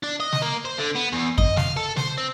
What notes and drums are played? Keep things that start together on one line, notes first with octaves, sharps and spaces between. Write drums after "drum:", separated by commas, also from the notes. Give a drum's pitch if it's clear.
D4
D#5
drum: snare
A#3
C5
D3
B3
E2
D#5, drum: kick F#2
F5, drum: snare
A4
C5, drum: snare
C4